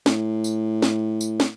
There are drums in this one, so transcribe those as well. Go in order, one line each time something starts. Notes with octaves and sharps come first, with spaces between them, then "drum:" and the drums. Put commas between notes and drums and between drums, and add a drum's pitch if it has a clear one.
A2, drum: snare
drum: tambourine
drum: snare
drum: tambourine
drum: snare